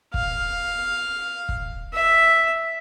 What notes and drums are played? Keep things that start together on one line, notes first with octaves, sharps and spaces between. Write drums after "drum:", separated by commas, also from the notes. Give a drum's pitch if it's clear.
F5, drum: kick
drum: kick
E5